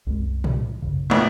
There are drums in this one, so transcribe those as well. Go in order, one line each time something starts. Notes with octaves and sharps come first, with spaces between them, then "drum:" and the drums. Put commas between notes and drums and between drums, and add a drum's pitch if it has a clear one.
C2 F#2 G#3
drum: tom A2
B1 F#2 C#3
A#1 A2